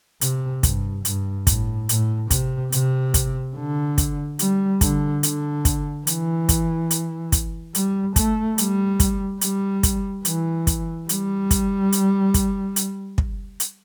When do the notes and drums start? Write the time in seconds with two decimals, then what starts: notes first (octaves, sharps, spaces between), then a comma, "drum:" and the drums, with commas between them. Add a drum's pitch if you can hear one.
0.21 C3, drum: hi-hat
0.63 G2, drum: kick, hi-hat
1.05 G2, drum: hi-hat
1.47 A2, drum: kick, hi-hat
1.89 A2, drum: hi-hat
2.31 C3, drum: kick, hi-hat
2.72 C3, drum: hi-hat
3.14 drum: kick, hi-hat
3.56 D3
3.98 drum: kick, hi-hat
4.39 G3, drum: hi-hat
4.81 D3, drum: kick, hi-hat
5.23 D3, drum: hi-hat
5.65 drum: kick, hi-hat
6.07 E3, drum: hi-hat
6.49 drum: kick, hi-hat
6.91 drum: hi-hat
7.32 drum: kick, hi-hat
7.75 G3, drum: hi-hat
8.16 A3, drum: kick, hi-hat
8.58 G3, drum: hi-hat
9.00 drum: kick, hi-hat
9.41 G3, drum: hi-hat
9.83 drum: kick, hi-hat
10.25 E3, drum: hi-hat
10.67 drum: kick, hi-hat
11.09 G3, drum: hi-hat
11.51 drum: kick, hi-hat
11.92 drum: hi-hat
12.34 drum: kick, hi-hat
12.76 drum: hi-hat
13.18 drum: kick
13.60 drum: hi-hat